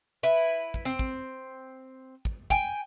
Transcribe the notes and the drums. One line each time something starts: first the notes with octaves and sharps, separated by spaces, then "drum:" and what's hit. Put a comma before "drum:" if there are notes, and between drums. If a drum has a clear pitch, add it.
E4 B4
drum: kick
C4
drum: kick
drum: kick
G5 G#5, drum: kick